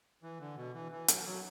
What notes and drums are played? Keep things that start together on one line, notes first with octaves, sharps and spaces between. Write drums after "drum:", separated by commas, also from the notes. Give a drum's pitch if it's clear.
E3
D3
B2
E3
E3
F#3, drum: hi-hat
F#3